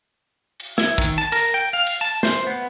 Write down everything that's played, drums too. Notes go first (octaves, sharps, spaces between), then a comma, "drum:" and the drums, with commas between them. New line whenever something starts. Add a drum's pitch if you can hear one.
drum: cymbal
E4, drum: snare
D#3, drum: kick, cymbal
A5
A#4, drum: cymbal
G5
F5
drum: cymbal
A5
C5, drum: snare
B3